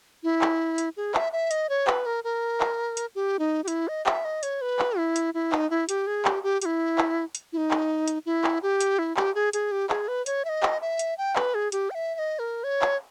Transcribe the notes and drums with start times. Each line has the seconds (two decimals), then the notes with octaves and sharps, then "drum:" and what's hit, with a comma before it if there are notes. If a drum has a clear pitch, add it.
0.24 E4
0.42 drum: clap
0.78 drum: hi-hat
0.97 G#4
1.14 E5, drum: clap
1.32 E5
1.51 D#5, drum: hi-hat
1.69 C#5
1.87 B4, drum: clap
2.06 A#4
2.24 A#4
2.60 drum: clap
2.97 drum: hi-hat
3.15 G4
3.39 D#4
3.64 G4
3.68 E4, drum: hi-hat
3.88 D#5
4.06 E5, drum: clap
4.25 D#5
4.43 C#5, drum: hi-hat
4.61 B4
4.79 drum: clap
4.98 E4
5.16 drum: hi-hat
5.34 E4
5.52 D#4, drum: clap
5.70 E4
5.89 G4, drum: hi-hat
6.07 G#4
6.25 G4, drum: clap
6.43 G4
6.62 G4, drum: hi-hat
6.65 E4
6.98 drum: clap
7.35 drum: hi-hat
7.53 E4
7.57 D#4
7.71 drum: clap
8.08 drum: hi-hat
8.26 E4
8.44 drum: clap
8.63 G4
8.81 drum: hi-hat
8.99 E4
9.17 G4, drum: clap
9.35 G#4
9.53 G#4, drum: hi-hat
9.72 G4
9.90 G#4, drum: clap
10.08 B4
10.26 C#5, drum: hi-hat
10.45 E5
10.49 D#5
10.63 drum: clap
10.81 E5
10.99 drum: hi-hat
11.18 G5
11.36 B4, drum: clap
11.55 G#4
11.72 G4, drum: hi-hat
11.90 G5
11.95 E5
12.15 E5
12.19 D#5
12.39 A#4
12.64 C#5
12.82 drum: clap